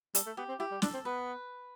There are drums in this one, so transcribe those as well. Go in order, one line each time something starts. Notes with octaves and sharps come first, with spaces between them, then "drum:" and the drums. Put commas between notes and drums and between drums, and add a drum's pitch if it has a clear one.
G3 A4, drum: hi-hat
A3
B3 G4
C4
E4 G4
G3
D4 A4, drum: snare
C4
B3 B4